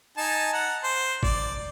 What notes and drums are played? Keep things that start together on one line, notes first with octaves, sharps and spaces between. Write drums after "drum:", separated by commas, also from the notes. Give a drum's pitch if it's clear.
D#4 G#5 A5
F#5 A#5
C5
D5, drum: kick G1